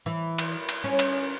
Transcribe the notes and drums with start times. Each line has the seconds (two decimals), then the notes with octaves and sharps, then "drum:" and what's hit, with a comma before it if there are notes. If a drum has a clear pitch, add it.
0.06 E3
0.38 drum: cymbal
0.69 drum: cymbal
0.84 C#4
0.99 drum: cymbal